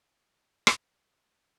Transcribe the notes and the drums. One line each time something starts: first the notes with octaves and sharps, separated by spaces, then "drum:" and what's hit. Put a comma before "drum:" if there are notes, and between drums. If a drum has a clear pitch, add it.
C#6
drum: rim click